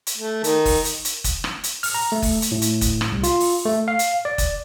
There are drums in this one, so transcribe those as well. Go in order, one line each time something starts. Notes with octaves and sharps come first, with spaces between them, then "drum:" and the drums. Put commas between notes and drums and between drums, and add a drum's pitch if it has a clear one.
drum: hi-hat
A3
D#3, drum: hi-hat
drum: kick F#1, open hi-hat
drum: hi-hat
drum: hi-hat
drum: kick F#1, hi-hat
drum: rim click
drum: hi-hat
F6, drum: open hi-hat
A#5
A3
drum: kick F#1, open hi-hat
drum: hi-hat
A2
drum: hi-hat
drum: kick F#1, hi-hat
drum: rim click
C2
F4, drum: hi-hat
drum: open hi-hat
A3
F5
drum: hi-hat
D5
drum: kick F#1, hi-hat